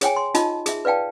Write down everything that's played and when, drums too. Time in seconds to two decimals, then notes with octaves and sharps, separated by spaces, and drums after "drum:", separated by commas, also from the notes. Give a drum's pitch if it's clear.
0.01 G#4 C#5 G5 G#5, drum: hi-hat
0.16 C6
0.35 D#4 F4 D#5 A5, drum: hi-hat
0.66 G#4 E5, drum: hi-hat
0.85 B4 D5 F5 G5 A5